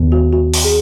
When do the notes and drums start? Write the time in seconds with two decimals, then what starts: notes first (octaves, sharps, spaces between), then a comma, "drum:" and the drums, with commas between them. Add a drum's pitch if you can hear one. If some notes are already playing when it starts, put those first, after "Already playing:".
Already playing: D#2 D#3 B3
0.12 F#4
0.33 F#4
0.54 drum: open hi-hat
0.64 G#4